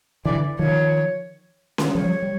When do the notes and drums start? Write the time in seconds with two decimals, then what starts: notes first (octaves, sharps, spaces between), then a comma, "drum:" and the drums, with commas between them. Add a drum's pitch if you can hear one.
0.25 D3 E3 D5
0.59 D#3 F3 C#5
1.78 drum: snare C#4
1.95 F3 G3 C#5
2.22 G3